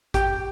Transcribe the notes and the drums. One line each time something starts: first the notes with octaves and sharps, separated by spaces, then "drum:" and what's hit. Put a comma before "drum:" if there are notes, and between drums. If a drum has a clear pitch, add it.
G4, drum: kick A1, hi-hat